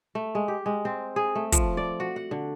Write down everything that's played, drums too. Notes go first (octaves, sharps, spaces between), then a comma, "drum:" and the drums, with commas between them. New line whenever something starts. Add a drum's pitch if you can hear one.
A3
G#3
G4
G#3
C4
G#4
A3
F3, drum: kick, hi-hat
D5
F#4
F#5
D3